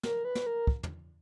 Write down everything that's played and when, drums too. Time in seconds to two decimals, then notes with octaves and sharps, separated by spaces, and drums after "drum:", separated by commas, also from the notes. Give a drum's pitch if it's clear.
0.03 A#4, drum: snare
0.25 B4
0.35 drum: snare
0.46 A#4
0.67 drum: kick
0.83 drum: tom